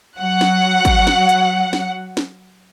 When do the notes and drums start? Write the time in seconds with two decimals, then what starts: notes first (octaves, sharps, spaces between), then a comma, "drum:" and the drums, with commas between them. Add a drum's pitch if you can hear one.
0.19 F#3 F#5
0.41 drum: snare
0.85 drum: kick, hi-hat
1.07 drum: snare
1.29 drum: hi-hat
1.73 drum: snare
2.17 drum: snare